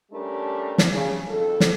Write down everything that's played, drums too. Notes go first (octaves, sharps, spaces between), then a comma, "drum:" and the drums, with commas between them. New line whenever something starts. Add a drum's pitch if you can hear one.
G3 A3 C#4 D4 A#4
drum: snare
C#3
F2 D#3 A4
drum: snare